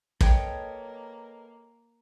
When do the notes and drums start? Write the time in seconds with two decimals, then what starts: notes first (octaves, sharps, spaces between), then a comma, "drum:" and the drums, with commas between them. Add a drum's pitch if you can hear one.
0.21 A#3 A4 B4 C#5 D#5 G5, drum: kick